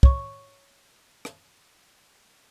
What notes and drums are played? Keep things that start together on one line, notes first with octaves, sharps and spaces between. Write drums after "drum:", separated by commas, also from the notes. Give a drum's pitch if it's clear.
C#5 C#6, drum: kick
drum: rim click